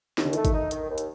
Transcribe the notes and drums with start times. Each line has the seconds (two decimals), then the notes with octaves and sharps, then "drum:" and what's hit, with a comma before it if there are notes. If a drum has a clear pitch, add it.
0.18 D#2 D#3, drum: snare
0.25 D3
0.33 D#3 A3, drum: hi-hat
0.45 drum: kick G#1, hi-hat
0.54 D#4
0.71 D#3, drum: hi-hat
0.89 D#2
0.98 drum: hi-hat